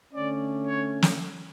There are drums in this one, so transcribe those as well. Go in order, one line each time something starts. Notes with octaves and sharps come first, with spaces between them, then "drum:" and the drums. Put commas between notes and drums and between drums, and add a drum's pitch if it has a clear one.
D3 A3 C#4 D5
C#5
drum: snare